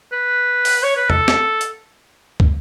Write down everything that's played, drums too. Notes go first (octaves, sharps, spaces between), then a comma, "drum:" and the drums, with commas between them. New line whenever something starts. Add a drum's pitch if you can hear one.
B4
drum: open hi-hat
C#5
B4
A4, drum: tom E2
drum: snare
drum: hi-hat
drum: kick